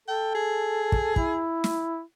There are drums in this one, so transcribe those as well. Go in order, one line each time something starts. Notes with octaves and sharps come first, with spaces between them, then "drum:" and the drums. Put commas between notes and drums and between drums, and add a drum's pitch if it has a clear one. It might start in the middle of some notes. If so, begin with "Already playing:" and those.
A4 G5
G#4
drum: kick
E4, drum: kick
drum: snare